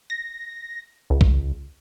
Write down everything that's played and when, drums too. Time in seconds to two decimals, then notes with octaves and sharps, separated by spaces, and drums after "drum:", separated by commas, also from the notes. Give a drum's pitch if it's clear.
0.10 A#6
1.10 C#2
1.21 drum: kick